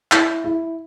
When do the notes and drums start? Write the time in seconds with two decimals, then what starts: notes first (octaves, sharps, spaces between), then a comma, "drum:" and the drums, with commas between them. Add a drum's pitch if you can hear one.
0.12 E4, drum: clap
0.44 E4